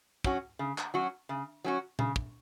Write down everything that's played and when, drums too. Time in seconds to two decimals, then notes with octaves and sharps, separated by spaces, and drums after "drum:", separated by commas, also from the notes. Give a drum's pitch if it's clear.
0.24 F#3 C#4 F#4, drum: kick
0.59 C#3
0.78 drum: clap
0.94 F#3 C#4 F#4
1.29 C#3
1.64 F#3 C#4 F#4
1.99 C#3, drum: tom A#2
2.16 drum: kick